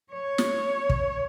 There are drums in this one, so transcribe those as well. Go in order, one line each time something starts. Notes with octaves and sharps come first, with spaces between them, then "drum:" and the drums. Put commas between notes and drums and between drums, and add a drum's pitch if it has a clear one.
C#5
drum: snare
drum: kick